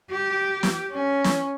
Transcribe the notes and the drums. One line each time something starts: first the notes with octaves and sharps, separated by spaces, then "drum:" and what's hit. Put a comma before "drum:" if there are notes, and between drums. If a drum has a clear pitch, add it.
G4
drum: snare
C#4
drum: snare